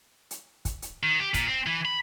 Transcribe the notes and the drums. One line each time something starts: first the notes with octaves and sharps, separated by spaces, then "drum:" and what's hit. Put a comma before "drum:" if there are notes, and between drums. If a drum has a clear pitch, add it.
drum: hi-hat
drum: kick, hi-hat
drum: hi-hat
D#3
G4
A#2, drum: kick, hi-hat
C4
E3
B5